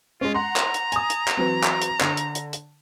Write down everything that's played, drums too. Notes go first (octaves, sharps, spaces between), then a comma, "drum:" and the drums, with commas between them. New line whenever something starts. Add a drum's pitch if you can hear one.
G#3 C#4 F4
F#5 A#5 C6
drum: clap
drum: hi-hat
G#5 D#6, drum: hi-hat
drum: hi-hat
drum: clap
E3 F#3 C4
drum: clap
drum: hi-hat
D3, drum: clap
drum: hi-hat
drum: hi-hat
drum: hi-hat